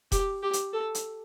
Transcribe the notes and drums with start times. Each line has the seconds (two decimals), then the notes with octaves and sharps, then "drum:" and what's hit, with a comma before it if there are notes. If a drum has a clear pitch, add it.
0.12 G4, drum: kick E1, hi-hat
0.43 G4
0.53 drum: hi-hat
0.73 A4
0.95 drum: hi-hat